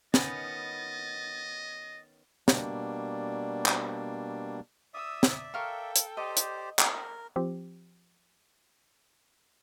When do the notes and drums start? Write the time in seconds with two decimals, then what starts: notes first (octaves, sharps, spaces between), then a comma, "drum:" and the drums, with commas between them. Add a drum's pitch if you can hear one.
0.14 D#3 B3 C#4 D#5 A6, drum: snare
2.48 B2 G3 A#3 D4, drum: snare
3.66 drum: clap
4.94 D5 E5 D#6 E6
5.23 drum: snare
5.54 A4 A#4 F5 G5 C#6
5.96 drum: hi-hat
6.17 G4 C5 D5 D#5
6.37 drum: hi-hat
6.79 A#4, drum: clap
7.36 F3 C4 G4